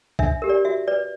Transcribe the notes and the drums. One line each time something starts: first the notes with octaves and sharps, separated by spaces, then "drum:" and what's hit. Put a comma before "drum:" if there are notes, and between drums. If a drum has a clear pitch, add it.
D4 E5, drum: kick
G4 A#4
D5
F#4 E5
B4 D5